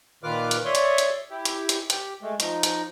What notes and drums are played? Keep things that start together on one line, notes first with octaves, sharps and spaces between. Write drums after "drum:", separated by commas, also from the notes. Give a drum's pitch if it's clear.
A#2 D#3 F4 B4 D6 F6
drum: hi-hat
C#5 D5 E5 C6 C#6 D#6
drum: hi-hat
drum: hi-hat
E4 G4
drum: hi-hat
drum: hi-hat
G4, drum: hi-hat
G#3 A3
F3 D#4, drum: hi-hat
drum: hi-hat